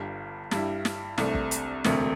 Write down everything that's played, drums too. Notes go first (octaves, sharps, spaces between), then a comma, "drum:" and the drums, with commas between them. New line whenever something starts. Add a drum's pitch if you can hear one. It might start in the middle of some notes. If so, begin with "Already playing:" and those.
Already playing: G1 G2 G3
G2 G3 E4, drum: snare
drum: snare
C2 C3 A3 D4, drum: snare
drum: kick
drum: hi-hat
E1 D2 C3 A3, drum: snare